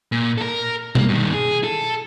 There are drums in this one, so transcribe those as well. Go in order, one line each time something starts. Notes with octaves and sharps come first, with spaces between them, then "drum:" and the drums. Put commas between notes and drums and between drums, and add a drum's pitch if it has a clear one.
A#2
A4 A#4
A#3 C4, drum: tom B2
G2 D#3
G#4
A4